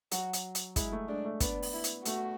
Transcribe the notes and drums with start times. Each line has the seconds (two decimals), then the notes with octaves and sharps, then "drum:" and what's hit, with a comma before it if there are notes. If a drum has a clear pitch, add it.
0.12 F#3 F#4, drum: hi-hat
0.33 drum: hi-hat
0.55 drum: hi-hat
0.76 G#3 E4, drum: kick, hi-hat
0.92 A3
1.08 G#3 D4
1.25 A3
1.40 B3 D4, drum: kick, hi-hat
1.62 drum: open hi-hat
1.74 E4
1.84 drum: hi-hat
2.05 A3 F#4, drum: hi-hat